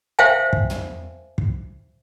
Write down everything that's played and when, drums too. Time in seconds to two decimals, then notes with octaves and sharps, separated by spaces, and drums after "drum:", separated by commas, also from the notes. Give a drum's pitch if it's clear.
0.19 C5 E5 F5 G5 G#5
0.53 drum: kick
0.70 drum: tom
1.38 drum: kick